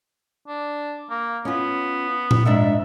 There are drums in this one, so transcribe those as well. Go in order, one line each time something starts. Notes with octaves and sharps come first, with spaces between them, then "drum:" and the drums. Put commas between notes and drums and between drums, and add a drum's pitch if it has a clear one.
D4
A#3
B3 C#4 F4
drum: tom A#2
F2 G#2 D4 E5